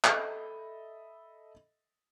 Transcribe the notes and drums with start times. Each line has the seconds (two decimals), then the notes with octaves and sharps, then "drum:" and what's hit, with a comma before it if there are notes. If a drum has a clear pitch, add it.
0.04 A4 D#5 E5 B5, drum: clap